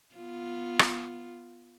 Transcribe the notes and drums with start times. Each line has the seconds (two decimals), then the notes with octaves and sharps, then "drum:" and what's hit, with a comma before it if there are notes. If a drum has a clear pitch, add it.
0.15 B3 F4
0.79 drum: rim click